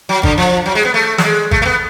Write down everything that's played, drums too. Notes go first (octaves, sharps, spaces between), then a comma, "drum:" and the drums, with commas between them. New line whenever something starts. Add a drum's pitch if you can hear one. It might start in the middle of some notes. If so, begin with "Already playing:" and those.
F#3
D3, drum: kick G#1
F3
F#3
G#3
B3
A3
F#3, drum: snare
G#3
A3, drum: kick G#1
A3
B3